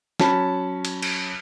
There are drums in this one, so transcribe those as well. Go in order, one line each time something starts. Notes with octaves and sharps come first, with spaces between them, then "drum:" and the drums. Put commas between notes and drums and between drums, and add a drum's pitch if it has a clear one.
F#3 C#4 A5 B5, drum: snare
drum: cymbal
drum: cymbal